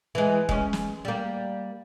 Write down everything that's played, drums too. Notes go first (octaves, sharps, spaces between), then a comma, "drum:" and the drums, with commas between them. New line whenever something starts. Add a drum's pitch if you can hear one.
E3 G#3
G#3 C#4, drum: kick E1
drum: snare
G3 A#3